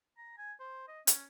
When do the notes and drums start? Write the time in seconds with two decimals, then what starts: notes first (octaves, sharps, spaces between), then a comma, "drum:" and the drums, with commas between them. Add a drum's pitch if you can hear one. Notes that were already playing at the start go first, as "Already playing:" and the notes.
0.18 A#5
0.38 G#5
0.60 C5
0.88 D#5
1.07 C#4, drum: hi-hat